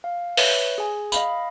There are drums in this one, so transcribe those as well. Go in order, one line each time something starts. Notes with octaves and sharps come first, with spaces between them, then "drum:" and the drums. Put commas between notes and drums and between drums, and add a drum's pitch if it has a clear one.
F5
B4 C#5 E5, drum: open hi-hat
G#4 G#5
D#5 F5 B5, drum: tambourine